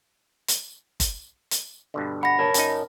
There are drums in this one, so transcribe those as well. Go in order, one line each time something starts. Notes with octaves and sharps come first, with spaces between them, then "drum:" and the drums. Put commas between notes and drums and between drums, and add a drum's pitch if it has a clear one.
drum: hi-hat
drum: kick G1, hi-hat
drum: hi-hat
G2 B2 D3
F#5 B5 A#6
A#4 C#5 A5
F#2 D#4, drum: hi-hat